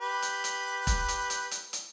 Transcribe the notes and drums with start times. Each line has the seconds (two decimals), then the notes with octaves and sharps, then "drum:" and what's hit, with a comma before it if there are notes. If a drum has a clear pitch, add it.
0.01 G4 B4
0.22 drum: hi-hat
0.44 drum: hi-hat
0.87 drum: kick E1, hi-hat
1.08 drum: hi-hat
1.30 drum: hi-hat
1.51 drum: hi-hat
1.73 drum: hi-hat